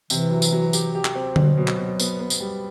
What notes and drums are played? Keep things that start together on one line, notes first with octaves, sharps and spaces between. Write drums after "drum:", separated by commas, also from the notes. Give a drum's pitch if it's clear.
C3 E3, drum: tambourine
F#3
drum: tambourine
F#3
G4, drum: tambourine
G4
drum: clap
C4
B2 F#3, drum: tom D3
G3
F#3
B2
drum: clap
B2
B3, drum: tambourine
B3
drum: tambourine
G3